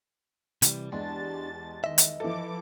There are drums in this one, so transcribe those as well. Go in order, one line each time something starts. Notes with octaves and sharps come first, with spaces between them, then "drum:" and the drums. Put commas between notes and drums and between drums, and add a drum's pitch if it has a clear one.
C3 E3 G3, drum: hi-hat
E2 G#3 D4 G4 A5 A6
D#3 D#5 E5
drum: hi-hat
E3 F3 E4 A4 D6